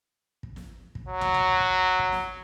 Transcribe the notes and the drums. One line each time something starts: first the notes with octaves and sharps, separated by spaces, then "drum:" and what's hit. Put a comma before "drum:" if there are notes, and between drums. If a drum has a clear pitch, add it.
drum: kick
drum: snare
drum: kick
F#3
drum: tom
drum: tom
drum: kick
drum: kick
drum: snare